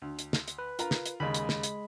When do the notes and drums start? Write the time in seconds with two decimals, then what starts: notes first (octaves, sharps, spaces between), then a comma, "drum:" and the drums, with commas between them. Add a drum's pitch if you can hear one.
0.02 D2
0.19 drum: hi-hat
0.33 drum: snare
0.48 drum: hi-hat
0.58 B4
0.79 F4 A#4 A#5, drum: hi-hat
0.91 drum: snare
1.06 drum: hi-hat
1.20 D#2 C#3 G#3 B5
1.34 drum: hi-hat
1.49 drum: snare
1.63 drum: hi-hat